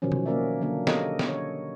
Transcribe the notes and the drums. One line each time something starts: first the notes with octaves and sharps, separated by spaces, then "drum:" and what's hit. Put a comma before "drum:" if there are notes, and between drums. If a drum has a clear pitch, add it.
B2 D#3 F3 F#3 C#4
drum: tom
A#3 C#4 A#4 D5 E5
D3 F#3 A#3 D4
G4 A4 A#4 C#5 D#5, drum: snare
drum: snare
C#5